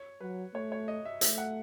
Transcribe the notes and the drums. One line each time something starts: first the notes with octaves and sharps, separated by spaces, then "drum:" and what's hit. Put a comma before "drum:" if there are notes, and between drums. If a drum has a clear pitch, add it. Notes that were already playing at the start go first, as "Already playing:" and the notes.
Already playing: C#5
F#3 B4
A3 C#5
C#5
D#5
E5
A3 E5, drum: hi-hat
F#5